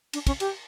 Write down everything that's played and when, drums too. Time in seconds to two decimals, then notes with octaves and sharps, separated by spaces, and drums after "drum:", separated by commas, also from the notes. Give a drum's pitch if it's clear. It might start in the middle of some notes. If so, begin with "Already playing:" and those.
0.13 D4, drum: cymbal
0.27 C#4, drum: kick, cymbal
0.40 G4, drum: cymbal